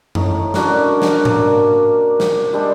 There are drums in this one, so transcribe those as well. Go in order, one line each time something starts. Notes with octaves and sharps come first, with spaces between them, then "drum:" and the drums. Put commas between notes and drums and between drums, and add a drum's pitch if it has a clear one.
A2 D#4 C#5, drum: tom F#2
C#4 D4 F#4 A#4, drum: snare
drum: snare
A#3 D5, drum: tom G#2
drum: snare
G3 G#3 D4 C5